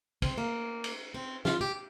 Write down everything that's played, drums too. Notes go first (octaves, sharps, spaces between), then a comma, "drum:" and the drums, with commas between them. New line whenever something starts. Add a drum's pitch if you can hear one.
C4, drum: kick, cymbal
A#3
drum: cymbal
C4
F4, drum: snare
G4